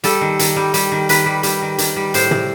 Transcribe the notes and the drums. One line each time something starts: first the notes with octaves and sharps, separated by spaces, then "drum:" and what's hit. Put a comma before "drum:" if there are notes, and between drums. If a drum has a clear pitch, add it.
G3 A4, drum: hi-hat
D#3
D#3, drum: hi-hat
G3
G3, drum: hi-hat
D#3
D#3 B4, drum: hi-hat
G3
G3, drum: hi-hat
D#3
D#3, drum: hi-hat
G3
A2 C5, drum: hi-hat
A2, drum: tom